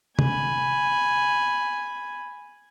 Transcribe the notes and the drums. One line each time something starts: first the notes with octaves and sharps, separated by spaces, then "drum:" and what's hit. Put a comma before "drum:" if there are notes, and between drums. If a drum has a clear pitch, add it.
G#5 B5, drum: tom C3